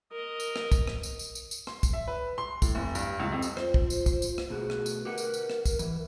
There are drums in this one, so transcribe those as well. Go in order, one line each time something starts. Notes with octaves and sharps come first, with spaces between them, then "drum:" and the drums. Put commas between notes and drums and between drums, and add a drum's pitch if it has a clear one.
A#4 D#5
drum: tambourine
drum: rim click
drum: kick, tambourine
drum: rim click
drum: tambourine
drum: tambourine
drum: tambourine
drum: tambourine
C6, drum: rim click
drum: kick, tambourine
E5
B4
C6
A2, drum: kick, tambourine
F1
G2, drum: tambourine
C#2
F2
drum: tambourine
F4 C5, drum: rim click
drum: kick
drum: tambourine
drum: kick, tambourine
drum: tambourine
drum: rim click
B2 A3 F#4 G#4
drum: rim click
drum: tambourine
G4 A#4 B4 F#5
drum: tambourine
drum: tambourine
drum: rim click
drum: kick, tambourine
E3, drum: tambourine